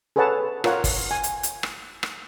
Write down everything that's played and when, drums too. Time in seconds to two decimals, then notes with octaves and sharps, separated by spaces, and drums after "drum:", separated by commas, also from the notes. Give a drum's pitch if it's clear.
0.16 G#4 A4 B4 C#5 F#5 A5
0.64 F4 A#4 C#5 F#5, drum: rim click
0.84 drum: kick G1, open hi-hat
1.11 G#5
1.23 drum: hi-hat
1.43 drum: hi-hat
1.63 drum: rim click
2.03 drum: rim click